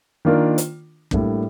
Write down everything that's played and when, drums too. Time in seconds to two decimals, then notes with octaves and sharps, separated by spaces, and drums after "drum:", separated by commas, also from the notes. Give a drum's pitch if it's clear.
0.25 D#3 A#3 D4 F4 A#4
0.58 drum: hi-hat
1.11 A2 G3 A#3 D4, drum: kick